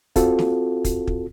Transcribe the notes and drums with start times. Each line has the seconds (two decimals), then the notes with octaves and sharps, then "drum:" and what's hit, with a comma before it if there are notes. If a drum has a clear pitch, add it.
0.16 C4 F4 F#4 A4, drum: kick, hi-hat
0.39 drum: snare
0.84 drum: kick, hi-hat
1.07 drum: kick